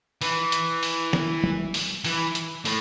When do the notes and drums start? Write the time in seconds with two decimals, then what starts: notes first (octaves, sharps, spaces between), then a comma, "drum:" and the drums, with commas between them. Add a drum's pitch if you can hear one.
0.21 E3, drum: open hi-hat
0.52 drum: hi-hat
0.83 drum: open hi-hat
1.13 drum: snare
1.44 drum: tom
1.74 drum: open hi-hat
2.05 E3, drum: open hi-hat
2.35 drum: hi-hat
2.65 A2, drum: open hi-hat